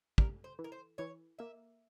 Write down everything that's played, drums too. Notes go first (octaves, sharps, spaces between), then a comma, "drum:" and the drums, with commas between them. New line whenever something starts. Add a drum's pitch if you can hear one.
G3 A#4, drum: kick
C5
E3
A#4
C5
E3 C#5
A#3 E5